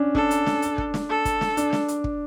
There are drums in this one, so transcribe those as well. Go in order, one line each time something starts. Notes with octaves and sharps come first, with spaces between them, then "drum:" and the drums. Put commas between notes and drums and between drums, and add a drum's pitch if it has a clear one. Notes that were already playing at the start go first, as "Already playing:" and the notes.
Already playing: C#4 D4
D4 A4, drum: kick
drum: hi-hat
drum: snare
drum: hi-hat
drum: kick
drum: snare
A4
drum: kick, hi-hat
drum: snare
D4, drum: hi-hat
drum: snare
drum: hi-hat
drum: kick